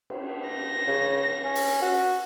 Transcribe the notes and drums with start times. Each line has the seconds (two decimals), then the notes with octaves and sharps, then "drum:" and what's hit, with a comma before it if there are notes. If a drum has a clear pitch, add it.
0.10 drum: cymbal
0.48 A#6
0.87 C#3
1.44 C#4
1.55 drum: open hi-hat
1.82 F#4